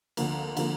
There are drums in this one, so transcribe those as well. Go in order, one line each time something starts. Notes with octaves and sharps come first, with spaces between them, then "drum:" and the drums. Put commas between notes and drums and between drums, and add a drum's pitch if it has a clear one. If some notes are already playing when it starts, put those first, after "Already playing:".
D2 D3 F3 A#3, drum: cymbal
D3 F3 A#3, drum: cymbal